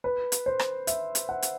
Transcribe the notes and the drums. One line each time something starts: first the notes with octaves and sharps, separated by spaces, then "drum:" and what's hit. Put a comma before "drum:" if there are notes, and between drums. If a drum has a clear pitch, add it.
B4
drum: hi-hat
C5
drum: rim click
E5, drum: hi-hat
drum: hi-hat
F#5
drum: hi-hat